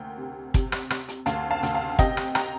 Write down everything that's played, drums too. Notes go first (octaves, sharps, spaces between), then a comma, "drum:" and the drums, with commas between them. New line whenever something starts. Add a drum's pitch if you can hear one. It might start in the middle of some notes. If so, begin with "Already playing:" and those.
Already playing: D2 A#3 G5
C3
C3, drum: kick, hi-hat
drum: rim click
C3, drum: rim click
drum: hi-hat
D2 F5 A5, drum: hi-hat
F5 A5
D2, drum: hi-hat
F5 A5
C3 D#5 G5, drum: kick, hi-hat
drum: rim click
G5 A#5, drum: rim click